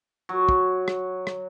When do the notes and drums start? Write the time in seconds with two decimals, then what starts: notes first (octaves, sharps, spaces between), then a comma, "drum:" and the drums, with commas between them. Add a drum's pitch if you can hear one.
0.29 F#3
0.49 drum: kick
0.88 drum: rim click
1.27 drum: rim click